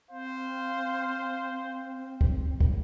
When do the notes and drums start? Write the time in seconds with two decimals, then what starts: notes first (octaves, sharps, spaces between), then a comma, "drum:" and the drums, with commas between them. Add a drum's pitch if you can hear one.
0.11 C4 C5 F5
2.21 drum: kick
2.60 drum: kick